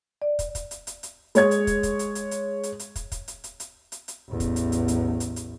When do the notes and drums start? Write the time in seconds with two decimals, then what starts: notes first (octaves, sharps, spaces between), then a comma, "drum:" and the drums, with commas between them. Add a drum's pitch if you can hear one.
0.22 D5
0.39 drum: kick, hi-hat
0.55 drum: kick, hi-hat
0.71 drum: hi-hat
0.87 drum: hi-hat
1.03 drum: hi-hat
1.35 G#3 C#5 G#6, drum: hi-hat
1.51 drum: hi-hat
1.67 drum: kick, hi-hat
1.83 drum: kick, hi-hat
1.99 drum: hi-hat
2.15 drum: hi-hat
2.31 drum: hi-hat
2.63 drum: hi-hat
2.79 drum: hi-hat
2.96 drum: kick, hi-hat
3.12 drum: kick, hi-hat
3.28 drum: hi-hat
3.44 drum: hi-hat
3.60 drum: hi-hat
3.92 drum: hi-hat
4.08 drum: hi-hat
4.29 A1 E2
4.40 drum: kick, hi-hat
4.56 drum: hi-hat
4.72 drum: hi-hat
4.88 drum: hi-hat
5.20 drum: hi-hat
5.36 drum: hi-hat